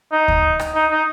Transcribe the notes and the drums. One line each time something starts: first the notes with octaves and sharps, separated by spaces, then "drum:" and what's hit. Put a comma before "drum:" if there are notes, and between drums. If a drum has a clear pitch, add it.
D#4
drum: kick D2
drum: rim click
D#4
D#4